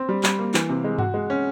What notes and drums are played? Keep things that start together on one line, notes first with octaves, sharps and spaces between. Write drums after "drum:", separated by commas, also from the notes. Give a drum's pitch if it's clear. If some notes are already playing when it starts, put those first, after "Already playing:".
Already playing: C4
G3
G3, drum: clap
A#3
E3, drum: clap
C3
G#3
F#4, drum: tom G2
G#3
C#4